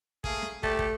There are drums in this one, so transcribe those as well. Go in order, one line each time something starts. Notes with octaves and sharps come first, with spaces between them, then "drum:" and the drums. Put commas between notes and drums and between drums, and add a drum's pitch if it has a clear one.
A3 A#3 G#4, drum: kick
drum: snare
A3 G4 A4 D5, drum: kick
drum: kick